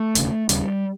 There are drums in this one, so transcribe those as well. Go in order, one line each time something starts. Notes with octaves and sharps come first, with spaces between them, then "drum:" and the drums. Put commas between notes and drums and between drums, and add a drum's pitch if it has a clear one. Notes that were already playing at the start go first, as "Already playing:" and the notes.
Already playing: A3
E1 D#2 C#3, drum: hi-hat
E1 D#2 C#3 G3, drum: hi-hat